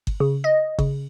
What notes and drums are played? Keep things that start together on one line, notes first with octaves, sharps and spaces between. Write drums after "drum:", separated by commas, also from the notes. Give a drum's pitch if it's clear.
drum: kick G1
C#3
D#5
C#3, drum: kick G1